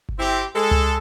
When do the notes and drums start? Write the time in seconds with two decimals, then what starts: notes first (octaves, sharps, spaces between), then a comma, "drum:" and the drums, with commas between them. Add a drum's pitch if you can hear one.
0.09 drum: kick G1
0.19 C4 E4 G4
0.56 G#3 A4
0.71 drum: tom C#2